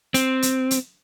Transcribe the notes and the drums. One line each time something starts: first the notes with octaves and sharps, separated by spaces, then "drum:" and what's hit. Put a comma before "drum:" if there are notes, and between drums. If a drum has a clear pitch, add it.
C4, drum: hi-hat
drum: hi-hat
drum: hi-hat